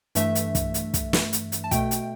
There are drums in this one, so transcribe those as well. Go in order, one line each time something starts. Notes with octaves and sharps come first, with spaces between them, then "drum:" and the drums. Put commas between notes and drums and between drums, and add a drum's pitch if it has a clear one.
G2 E3 A3 E5, drum: hi-hat
drum: hi-hat
drum: kick, hi-hat
drum: hi-hat
drum: kick, hi-hat
drum: snare
drum: hi-hat
drum: hi-hat
A5
B2 A3 G5, drum: kick, hi-hat
drum: hi-hat